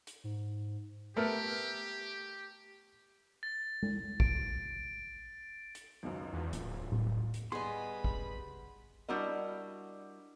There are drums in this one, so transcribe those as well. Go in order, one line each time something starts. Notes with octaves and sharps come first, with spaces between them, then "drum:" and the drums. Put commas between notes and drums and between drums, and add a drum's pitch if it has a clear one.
drum: hi-hat
G#2
A3 B3 G4 A#4
A6
drum: tom G#3
D7, drum: kick
drum: hi-hat
G#1 C#2 F#2
E2
D1 A#2, drum: hi-hat
drum: tom A2
drum: hi-hat
G3 B3 G#4 D#5 B5 C6
drum: kick
G3 D4 E4 F#4 A#4 D#5